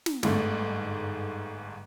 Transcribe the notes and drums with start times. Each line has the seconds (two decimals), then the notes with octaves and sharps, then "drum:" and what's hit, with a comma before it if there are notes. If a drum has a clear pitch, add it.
0.06 drum: snare
0.23 G1 G#2 A3, drum: snare